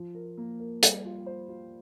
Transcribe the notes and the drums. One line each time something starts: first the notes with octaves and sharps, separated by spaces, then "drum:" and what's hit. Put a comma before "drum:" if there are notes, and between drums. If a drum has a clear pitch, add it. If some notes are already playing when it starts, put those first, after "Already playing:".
Already playing: F3
A#4
A#3
A#4
G3, drum: hi-hat
F4
C5
F4